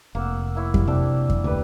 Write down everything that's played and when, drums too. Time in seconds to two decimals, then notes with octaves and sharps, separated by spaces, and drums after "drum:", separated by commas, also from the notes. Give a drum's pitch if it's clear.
0.15 F1 A#3 F#5 E6
0.55 A#3 E4 C#5
0.74 G3, drum: kick F2
0.87 C3 D4 E5 G5
1.30 drum: kick F2
1.44 D2 G3 B4 D5